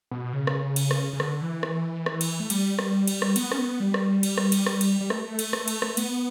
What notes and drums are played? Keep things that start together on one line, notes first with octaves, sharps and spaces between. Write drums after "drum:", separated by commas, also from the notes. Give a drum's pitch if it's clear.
B2
C#3
drum: rim click
drum: cymbal
drum: rim click
C#3
D3, drum: rim click
E3
drum: rim click
drum: rim click
drum: cymbal
A3
G3, drum: cymbal
drum: rim click
drum: cymbal
drum: rim click
B3, drum: cymbal
C#4, drum: rim click
B3
G3
drum: rim click
drum: cymbal
drum: rim click
drum: cymbal
drum: rim click
drum: cymbal
G3
A3, drum: rim click
drum: cymbal
drum: rim click
drum: cymbal
drum: rim click
B3, drum: cymbal